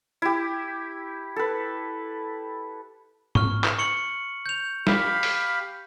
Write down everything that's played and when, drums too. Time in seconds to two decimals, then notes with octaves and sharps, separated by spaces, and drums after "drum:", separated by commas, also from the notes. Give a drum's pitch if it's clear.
0.22 E4 G4
1.36 A4 B4
3.35 C#6 F6, drum: tom G#2
3.64 drum: clap
3.78 C#6 C#7 F#7
4.46 G6 F7
4.87 G4 F5 B5, drum: snare
5.23 drum: open hi-hat